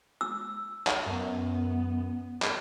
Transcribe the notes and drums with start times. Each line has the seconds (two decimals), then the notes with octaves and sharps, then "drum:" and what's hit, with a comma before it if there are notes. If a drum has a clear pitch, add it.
0.21 E6
0.87 drum: clap
1.06 F#2 B3
2.42 drum: clap